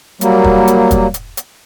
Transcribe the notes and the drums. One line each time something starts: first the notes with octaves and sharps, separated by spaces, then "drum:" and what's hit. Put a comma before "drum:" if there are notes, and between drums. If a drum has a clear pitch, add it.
F#3 G3 A#3, drum: hi-hat
drum: kick
drum: hi-hat
drum: kick, hi-hat
drum: hi-hat
drum: hi-hat